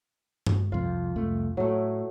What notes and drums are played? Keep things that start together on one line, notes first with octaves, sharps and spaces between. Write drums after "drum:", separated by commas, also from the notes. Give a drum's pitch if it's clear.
drum: tom G2
C2 F2 F4
C2 F2 A3
A2 F#3 A3